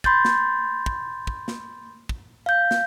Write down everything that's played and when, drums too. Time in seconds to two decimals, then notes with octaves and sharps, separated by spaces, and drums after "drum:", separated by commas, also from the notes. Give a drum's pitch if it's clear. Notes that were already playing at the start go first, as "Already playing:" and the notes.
0.04 B5 C6 G6 A6, drum: kick
0.25 drum: snare
0.86 drum: kick
1.27 drum: kick
1.48 drum: snare
2.09 drum: kick
2.46 F5 G6
2.71 drum: snare